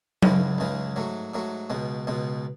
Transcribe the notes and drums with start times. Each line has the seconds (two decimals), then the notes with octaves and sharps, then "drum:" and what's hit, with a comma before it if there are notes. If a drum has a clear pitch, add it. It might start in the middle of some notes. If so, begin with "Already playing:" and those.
0.22 C#2 C#3 E3 G#3, drum: tom F#3
0.58 C#2 C#3 E3 G#3
0.96 G#2 F#3 A3
1.34 G#2 F#3 A3
1.70 C#2 B2 G#3
2.07 C#2 B2 G#3